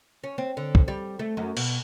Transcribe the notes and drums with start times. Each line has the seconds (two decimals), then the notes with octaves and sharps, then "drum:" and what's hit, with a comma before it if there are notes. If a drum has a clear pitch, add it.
0.24 C#4
0.38 C4
0.57 D3
0.75 drum: kick
0.88 G3
1.19 A3
1.37 F#2
1.57 B2, drum: cymbal